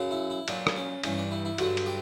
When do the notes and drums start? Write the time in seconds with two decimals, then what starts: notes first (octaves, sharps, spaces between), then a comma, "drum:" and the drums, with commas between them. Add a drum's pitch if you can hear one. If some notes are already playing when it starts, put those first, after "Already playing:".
Already playing: F#2 C#3 F#3
0.11 E4
0.30 E4
0.48 A#2 F#3 D4, drum: cymbal
0.67 drum: rim click
0.76 C#4
1.03 G2 E3 C#4, drum: cymbal
1.18 D4
1.31 E4
1.45 E4
1.58 G2 D3 F#3 F#4, drum: cymbal
1.77 drum: cymbal
1.86 G4